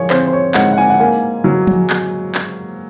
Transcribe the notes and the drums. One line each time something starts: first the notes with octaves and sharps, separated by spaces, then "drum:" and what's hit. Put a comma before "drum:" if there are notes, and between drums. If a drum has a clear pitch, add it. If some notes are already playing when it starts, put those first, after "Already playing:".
Already playing: F3 G#3 A#4 C#5 G#5
C4 C5, drum: clap
C5
C#5
G#2 F#5, drum: clap
F#5
G#5
F#5
A#3 G#5
F#3
drum: tom F3
drum: clap
drum: clap